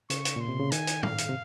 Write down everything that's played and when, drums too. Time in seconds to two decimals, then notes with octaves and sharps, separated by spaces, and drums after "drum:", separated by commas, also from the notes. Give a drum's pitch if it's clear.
0.10 C#3 C#6, drum: hi-hat
0.25 drum: hi-hat
0.36 A#2 C6
0.48 C3
0.59 C#3
0.71 D#3 G#5, drum: hi-hat
0.87 drum: hi-hat
1.03 F5, drum: tom
1.18 drum: hi-hat
1.29 C3